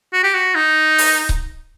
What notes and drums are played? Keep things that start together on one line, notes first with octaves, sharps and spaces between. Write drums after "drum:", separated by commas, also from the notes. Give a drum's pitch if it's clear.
F#4
G4
F#4
D#4
drum: open hi-hat
drum: kick C#1